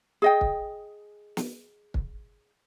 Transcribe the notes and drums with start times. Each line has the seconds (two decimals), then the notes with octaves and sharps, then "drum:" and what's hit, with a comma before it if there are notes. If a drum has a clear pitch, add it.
0.22 G#4 D#5 G5
0.41 drum: kick
1.37 drum: snare
1.94 drum: kick